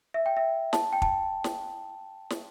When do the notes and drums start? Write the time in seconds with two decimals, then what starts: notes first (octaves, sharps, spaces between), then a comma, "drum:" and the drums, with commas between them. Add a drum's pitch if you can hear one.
0.14 E5
0.26 G5
0.37 E5
0.73 A5, drum: snare
0.93 G5
1.02 A5, drum: kick
1.44 drum: snare
2.30 drum: snare